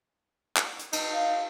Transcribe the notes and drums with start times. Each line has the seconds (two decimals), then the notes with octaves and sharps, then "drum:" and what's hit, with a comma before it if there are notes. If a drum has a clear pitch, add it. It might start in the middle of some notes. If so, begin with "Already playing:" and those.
0.57 drum: clap
0.79 drum: hi-hat
0.93 D#4, drum: cymbal
1.13 F5